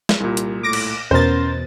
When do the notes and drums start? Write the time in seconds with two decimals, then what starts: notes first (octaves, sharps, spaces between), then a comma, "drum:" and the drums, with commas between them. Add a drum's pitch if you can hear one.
0.09 drum: snare
0.20 C2 A#2 G3
0.37 drum: hi-hat
0.63 A2 D6 A#6 D7
0.73 drum: cymbal
1.11 E2 B2 C#4 A#4 C5 A6